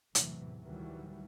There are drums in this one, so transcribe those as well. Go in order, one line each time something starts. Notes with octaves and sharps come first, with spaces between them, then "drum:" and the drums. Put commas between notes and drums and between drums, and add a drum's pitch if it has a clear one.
E2 A2 C3 E3 F#3, drum: hi-hat
D2 A2 D#3 E3 F#3 G3